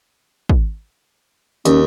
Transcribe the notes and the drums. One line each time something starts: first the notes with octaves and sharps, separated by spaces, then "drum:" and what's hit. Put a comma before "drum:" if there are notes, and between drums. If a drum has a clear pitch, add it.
drum: kick
D#2 C#4, drum: hi-hat